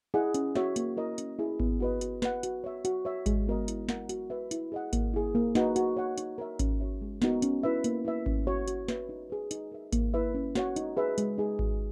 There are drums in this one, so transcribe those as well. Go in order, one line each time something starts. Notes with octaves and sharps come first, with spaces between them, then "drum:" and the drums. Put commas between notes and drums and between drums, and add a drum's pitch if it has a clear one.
E4 G#4 D#5 F#5
C#4, drum: hi-hat
F#4 C#5 E5, drum: snare
A#3, drum: hi-hat
E4 A#4 D#5
C#4, drum: hi-hat
E4 G#4
B3, drum: kick G#1
F#4 B4 D#5
F#4, drum: hi-hat
B4 D#5 F#5, drum: snare
F#4, drum: hi-hat
C#5 E5
F#4, drum: hi-hat
C#5 E5
G#3, drum: kick G#1, hi-hat
B3 F#4 A#4 D#5
E4, drum: hi-hat
A#4 D#5 F#5, drum: snare
F#4, drum: hi-hat
B4 E5
E4, drum: hi-hat
G#4 D#5 F#5
A#3, drum: kick G#1, hi-hat
E4 G#4
A#3
D#4 F#4 B4 F#5, drum: snare
F#4, drum: hi-hat
C#5 F#5
D#4, drum: hi-hat
A#4 C#5 E5
C#4, drum: kick G#1, hi-hat
F#4 C#5 E5
G#3
B3 D#4 F#4 A#4, drum: snare
C#4, drum: hi-hat
E4 B4 E5
A#3, drum: hi-hat
E4 B4 E5
C#4, drum: kick G#1
F#4 C#5 E5
F#4, drum: hi-hat
B4 E5, drum: snare
D#4
G#4 B4
D#4, drum: hi-hat
A#4 E5
A#3, drum: kick G#1, hi-hat
E4 B4 E5
C#4
F#4 C#5 F#5, drum: snare
D#4, drum: hi-hat
G#4 B4 E5
G#3, drum: hi-hat
D#4 G#4
F#4, drum: kick G#1